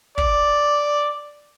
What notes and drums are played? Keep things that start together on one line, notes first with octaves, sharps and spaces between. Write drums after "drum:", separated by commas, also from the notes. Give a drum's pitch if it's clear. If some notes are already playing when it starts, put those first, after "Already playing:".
D5, drum: kick